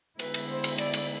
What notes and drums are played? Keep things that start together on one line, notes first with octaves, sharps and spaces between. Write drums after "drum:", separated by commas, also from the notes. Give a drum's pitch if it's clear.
D3 G#3 B3 E4 B4, drum: cymbal
drum: cymbal
C5
drum: cymbal
D5, drum: cymbal
drum: cymbal